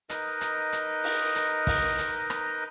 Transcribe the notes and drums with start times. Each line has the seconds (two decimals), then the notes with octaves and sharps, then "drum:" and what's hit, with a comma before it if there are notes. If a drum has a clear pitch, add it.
0.09 D#4 A#4 B4 D#5, drum: hi-hat
0.41 drum: hi-hat
0.72 drum: hi-hat
1.04 drum: open hi-hat
1.35 drum: hi-hat
1.67 drum: kick, open hi-hat
1.98 drum: hi-hat
2.30 drum: rim click